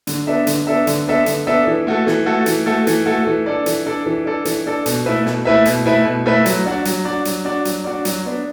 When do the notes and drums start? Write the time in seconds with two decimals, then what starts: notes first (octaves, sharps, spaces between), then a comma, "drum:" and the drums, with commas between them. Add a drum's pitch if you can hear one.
0.07 D3, drum: hi-hat
0.27 B3 D4 A4 E5
0.47 D3, drum: hi-hat
0.67 B3 D4 A4 E5
0.87 D3, drum: hi-hat
1.07 B3 D4 A4 E5
1.26 D3, drum: hi-hat
1.47 B3 D4 A4 E5
1.67 E3
1.87 A3 F#4 A4
2.07 E3, drum: snare
2.26 A3 F#4 A4
2.46 E3, drum: hi-hat
2.66 A3 F#4 A4
2.87 E3, drum: hi-hat
3.06 A3 F#4 A4
3.27 E3
3.46 D4 A4 D5
3.66 E3, drum: hi-hat
3.86 D4 A4 D5
4.06 E3
4.25 D4 A4 D5
4.45 E3, drum: hi-hat
4.66 D4 A4 D5
4.86 B2, drum: hi-hat
5.06 A3 E4 B4 E5
5.26 B2, drum: snare
5.45 A3 E4 B4 E5
5.66 B2, drum: hi-hat
5.86 A3 E4 B4 E5
6.05 B2
6.26 A3 E4 B4 E5
6.46 F#3, drum: hi-hat
6.66 D4 F#4 D5
6.85 F#3, drum: hi-hat
7.05 D4 F#4 D5
7.25 F#3, drum: hi-hat
7.45 D4 F#4 D5
7.65 F#3, drum: hi-hat
7.84 D4 F#4 D5
8.05 F#3, drum: hi-hat
8.25 B3 D4